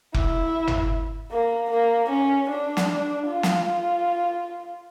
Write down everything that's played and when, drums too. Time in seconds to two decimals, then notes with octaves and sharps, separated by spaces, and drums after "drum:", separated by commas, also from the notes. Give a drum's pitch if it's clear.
0.14 E4, drum: kick F1
0.67 drum: tom
1.31 A#3
1.70 A#3
2.09 C#4
2.49 D4
2.77 drum: snare
3.27 F4
3.43 drum: snare